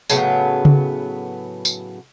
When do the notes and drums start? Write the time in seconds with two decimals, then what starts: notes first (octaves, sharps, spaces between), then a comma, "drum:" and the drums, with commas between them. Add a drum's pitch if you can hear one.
0.10 A2 C#3 F#3 B3, drum: tambourine
0.65 drum: tom C#3
1.65 drum: tambourine